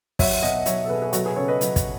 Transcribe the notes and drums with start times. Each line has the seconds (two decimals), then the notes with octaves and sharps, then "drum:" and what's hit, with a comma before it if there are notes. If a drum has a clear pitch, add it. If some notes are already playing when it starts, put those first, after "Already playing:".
0.19 F#3 C#5 E5, drum: kick, open hi-hat
0.43 B2 D#5 F#5
0.66 F#3 C#5 E5, drum: hi-hat
0.85 A4
0.89 B2 G#4 B4
1.02 G#4 B4
1.13 F#3 F#4 A4, drum: hi-hat
1.25 G#4 B4
1.36 C#3 A4 C#5
1.48 B4 D#5
1.61 F#3, drum: hi-hat
1.76 drum: kick, hi-hat